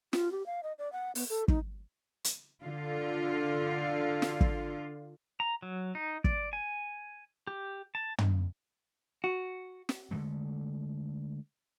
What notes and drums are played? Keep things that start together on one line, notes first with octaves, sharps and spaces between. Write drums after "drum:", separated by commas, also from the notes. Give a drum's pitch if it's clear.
F4, drum: snare
G4
F5
D#5
D5
F#5
B3, drum: open hi-hat
A4
D#4, drum: kick
drum: hi-hat
D3 F4
drum: snare
drum: kick
A#5
F#3
D#4
D5, drum: kick
G#5
G4
A5
drum: tom
F#4
drum: snare
D3 D#3 G#3 A3